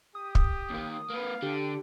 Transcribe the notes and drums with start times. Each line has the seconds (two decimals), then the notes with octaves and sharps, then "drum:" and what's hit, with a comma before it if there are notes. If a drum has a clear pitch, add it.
0.15 G4 D#6
0.35 drum: kick
0.70 D#2 A#3
1.10 A#3 B4 F5
1.42 D3 G4